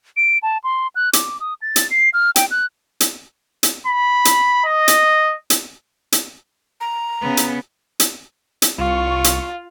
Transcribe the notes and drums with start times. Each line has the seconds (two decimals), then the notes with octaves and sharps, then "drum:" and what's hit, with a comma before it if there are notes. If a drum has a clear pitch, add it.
0.17 D7
0.42 A5
0.64 C6
0.95 F#6
1.13 D6, drum: hi-hat
1.40 D#6
1.62 A6
1.76 drum: hi-hat
1.90 C7
2.13 F6
2.36 G5, drum: hi-hat
2.51 F#6
3.00 drum: hi-hat
3.63 drum: hi-hat
3.87 B5
4.25 drum: hi-hat
4.65 D#5
4.88 drum: hi-hat
5.50 drum: hi-hat
6.12 drum: hi-hat
6.81 A#5
7.21 C#3 B3
7.37 drum: hi-hat
8.00 drum: hi-hat
8.62 drum: hi-hat
8.78 C2 F4 C#6
9.24 drum: hi-hat